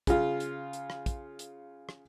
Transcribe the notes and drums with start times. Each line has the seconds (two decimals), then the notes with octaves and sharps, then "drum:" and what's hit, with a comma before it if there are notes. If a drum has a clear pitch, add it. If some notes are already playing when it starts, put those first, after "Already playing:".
0.07 C#3 F4, drum: kick, hi-hat
0.40 drum: hi-hat
0.73 drum: hi-hat
0.90 drum: rim click
1.06 drum: kick, hi-hat
1.39 drum: hi-hat
1.89 drum: rim click